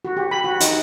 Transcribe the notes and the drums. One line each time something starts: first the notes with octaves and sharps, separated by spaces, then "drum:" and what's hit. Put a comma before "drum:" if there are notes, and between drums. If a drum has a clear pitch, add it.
F#4
G4
B5
F#4
D#4, drum: hi-hat